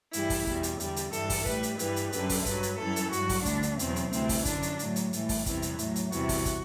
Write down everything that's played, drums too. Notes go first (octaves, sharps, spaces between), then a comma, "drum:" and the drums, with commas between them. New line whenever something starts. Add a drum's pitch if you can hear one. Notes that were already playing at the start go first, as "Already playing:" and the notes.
G2 E3 G3 E4, drum: hi-hat
drum: kick, open hi-hat
E2 B2 G3, drum: kick
drum: hi-hat
E2 D3 G3, drum: hi-hat
drum: hi-hat
G2 E3 G3 A4, drum: hi-hat
drum: kick, open hi-hat
A2 G3 B4, drum: kick
drum: hi-hat
G2 E3 G3 B4, drum: hi-hat
drum: hi-hat
F#2 D3 G3 B4, drum: hi-hat
drum: kick, open hi-hat
G2 F#3 B4, drum: kick, hi-hat
drum: hi-hat
F#2 E3 G3 A4
drum: hi-hat
G2 F#3 F#4, drum: hi-hat
drum: kick, open hi-hat
D2 D3 G3 D4, drum: kick, hi-hat
drum: hi-hat
E2 B2 F#3 C4, drum: hi-hat
drum: hi-hat
D2 C3 E3 G3 C4, drum: hi-hat
drum: kick, open hi-hat
F#2 D3 F#3 D4, drum: kick, hi-hat
drum: hi-hat
A2 F#3, drum: hi-hat
drum: hi-hat
A2 E3 G3, drum: hi-hat
drum: kick, open hi-hat
E2 C3 E3 G3, drum: kick, hi-hat
drum: hi-hat
A2 F#3, drum: hi-hat
drum: hi-hat
E2 C3 E3 G3 F#4, drum: hi-hat
drum: kick, open hi-hat
drum: kick, hi-hat